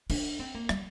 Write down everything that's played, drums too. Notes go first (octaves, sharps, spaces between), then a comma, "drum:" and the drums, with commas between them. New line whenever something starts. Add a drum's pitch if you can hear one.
D4, drum: cymbal
C4
A#3
G3, drum: rim click